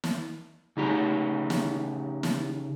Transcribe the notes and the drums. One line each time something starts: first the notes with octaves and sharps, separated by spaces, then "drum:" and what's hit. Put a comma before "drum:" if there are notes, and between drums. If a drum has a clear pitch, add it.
drum: snare
C#3 D#4 G4
drum: snare
drum: snare